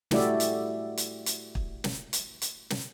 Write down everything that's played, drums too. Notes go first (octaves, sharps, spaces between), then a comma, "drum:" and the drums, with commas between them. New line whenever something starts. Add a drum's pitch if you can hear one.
A3 E4 F#4 G4 D5 E5, drum: snare
drum: hi-hat
drum: hi-hat
drum: hi-hat
drum: kick
drum: snare
drum: hi-hat
drum: hi-hat
drum: snare